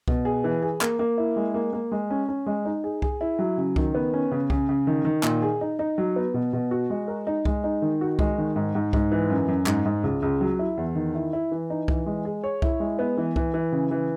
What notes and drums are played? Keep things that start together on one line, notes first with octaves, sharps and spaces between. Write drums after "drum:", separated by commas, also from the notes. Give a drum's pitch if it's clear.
B2, drum: kick C2
G#4
E3
G#4
A#3, drum: clap
A#3
E4
G#3
A#3
A#3
G#3
C#4
C#4
G#3
D#4
G#4
G#4, drum: kick C2
E4
F#3
C#3
D#3, drum: kick C2
B3
C#4
C#3
C#3, drum: kick C2
C#3
D#3
D#3
A#2, drum: clap
G#4
D#4
D#4
F#3
B3
B2
B2
F#4
G#3
A#4
D#4
G#3, drum: kick C2
D#4
D#3
F#4
G#3, drum: kick C2
D#3
G#2
G#2
G#2, drum: kick C2
E3
F#2
F#2
G#2, drum: clap
G#2
C#2
C#2
F#3
E4
E2
D#3
E4
E4
E3
D#4
E3, drum: kick C2
G#3
G#4
C#5
E4, drum: kick C2
G#3
B3
E3
E3, drum: kick C2
E3
C#3
E3